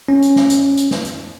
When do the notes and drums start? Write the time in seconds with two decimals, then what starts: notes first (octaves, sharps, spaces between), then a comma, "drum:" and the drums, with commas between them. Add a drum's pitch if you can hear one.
0.09 C#4
0.22 drum: hi-hat
0.36 drum: snare
0.50 drum: hi-hat
0.77 drum: hi-hat
0.91 drum: snare
1.05 drum: hi-hat